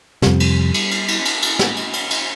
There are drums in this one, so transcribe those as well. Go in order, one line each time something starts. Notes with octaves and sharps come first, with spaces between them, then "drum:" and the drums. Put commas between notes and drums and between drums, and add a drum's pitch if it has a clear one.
F2 C3 G3, drum: snare
drum: cymbal
drum: cymbal
drum: cymbal
drum: cymbal
drum: cymbal
drum: cymbal
drum: snare
drum: cymbal
drum: cymbal
drum: cymbal